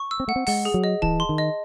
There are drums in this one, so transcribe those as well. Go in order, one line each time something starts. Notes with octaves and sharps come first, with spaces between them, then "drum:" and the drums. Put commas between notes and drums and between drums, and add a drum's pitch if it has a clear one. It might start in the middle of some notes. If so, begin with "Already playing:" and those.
Already playing: C#6
E6
C4
A3 F#5
C4
G#3 F#5, drum: open hi-hat
G#4
F#3
D#5
E3 A5, drum: kick D1
C6
D#3
D#5